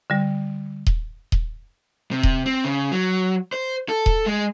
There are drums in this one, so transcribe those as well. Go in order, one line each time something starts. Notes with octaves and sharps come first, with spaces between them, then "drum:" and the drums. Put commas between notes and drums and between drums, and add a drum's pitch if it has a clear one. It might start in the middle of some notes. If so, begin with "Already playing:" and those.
D3 G3
drum: kick D#1
drum: kick D#1
C3
drum: kick D#1
C4
C#3
F#3
C5
A4
drum: kick D#1
G#3